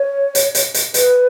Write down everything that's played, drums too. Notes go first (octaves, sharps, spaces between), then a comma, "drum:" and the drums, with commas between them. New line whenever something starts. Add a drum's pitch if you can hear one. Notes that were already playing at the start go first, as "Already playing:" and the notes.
Already playing: C#5
drum: hi-hat
drum: hi-hat
drum: hi-hat
B4, drum: hi-hat